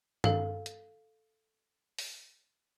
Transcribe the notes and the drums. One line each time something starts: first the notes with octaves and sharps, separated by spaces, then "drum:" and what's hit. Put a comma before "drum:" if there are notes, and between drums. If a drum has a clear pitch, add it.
A4 F5, drum: tom G2
drum: hi-hat
drum: open hi-hat